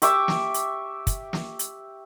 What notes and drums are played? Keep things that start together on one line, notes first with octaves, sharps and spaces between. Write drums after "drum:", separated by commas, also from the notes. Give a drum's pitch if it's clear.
G4 E5 C#6 D6, drum: hi-hat
drum: snare
drum: hi-hat
drum: kick, hi-hat
drum: snare
drum: hi-hat